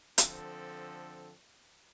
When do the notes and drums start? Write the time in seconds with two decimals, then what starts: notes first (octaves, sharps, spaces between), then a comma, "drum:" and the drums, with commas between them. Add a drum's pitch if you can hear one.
0.18 D3 F3 C4 A4, drum: hi-hat